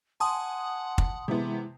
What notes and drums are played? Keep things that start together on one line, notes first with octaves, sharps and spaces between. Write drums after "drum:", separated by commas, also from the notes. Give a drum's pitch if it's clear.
F#5 G#5 A5 C6 D#6
drum: kick
C3 E3 G#3 B3 E4